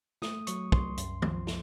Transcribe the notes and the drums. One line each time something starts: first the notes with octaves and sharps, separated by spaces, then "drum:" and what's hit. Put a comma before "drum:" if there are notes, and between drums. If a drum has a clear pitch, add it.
A3 D#6, drum: snare
F#3 C#6, drum: hi-hat
C2 C6, drum: kick
F#2, drum: hi-hat
F3, drum: tom D#3
drum: snare